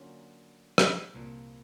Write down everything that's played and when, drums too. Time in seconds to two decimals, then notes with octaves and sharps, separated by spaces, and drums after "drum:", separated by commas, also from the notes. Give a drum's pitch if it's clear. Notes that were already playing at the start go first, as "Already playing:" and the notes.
Already playing: D3 F#3 A#3 C#4 F4
0.78 drum: rim click
1.15 C2 A#2 F3